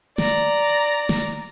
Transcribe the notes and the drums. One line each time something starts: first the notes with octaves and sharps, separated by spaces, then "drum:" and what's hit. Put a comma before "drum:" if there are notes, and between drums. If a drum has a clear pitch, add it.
D5 A#5, drum: snare
drum: snare